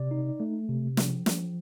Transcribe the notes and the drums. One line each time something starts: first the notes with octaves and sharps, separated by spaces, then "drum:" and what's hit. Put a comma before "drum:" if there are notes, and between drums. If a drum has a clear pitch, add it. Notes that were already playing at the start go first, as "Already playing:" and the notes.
Already playing: C3 D5
D#4
A3
C3
F3, drum: snare
F3, drum: snare